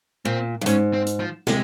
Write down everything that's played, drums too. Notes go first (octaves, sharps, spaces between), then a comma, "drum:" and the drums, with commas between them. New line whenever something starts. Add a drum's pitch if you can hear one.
A#2 C4
G2
G#2 C#4, drum: hi-hat
C4
drum: hi-hat
F3
C3 G#3, drum: snare